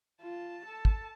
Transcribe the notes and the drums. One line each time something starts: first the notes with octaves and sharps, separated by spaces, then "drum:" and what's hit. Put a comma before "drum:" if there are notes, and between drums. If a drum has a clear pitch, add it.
F4 A5
A4
drum: kick